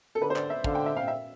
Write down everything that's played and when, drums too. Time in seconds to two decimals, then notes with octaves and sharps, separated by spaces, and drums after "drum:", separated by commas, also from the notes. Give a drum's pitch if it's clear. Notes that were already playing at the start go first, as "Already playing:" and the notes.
0.15 A4
0.21 D3 B4
0.30 C5
0.36 D5, drum: clap
0.50 E5
0.64 D3 F5, drum: kick
0.75 G5
0.86 E5
0.97 F5
1.08 E5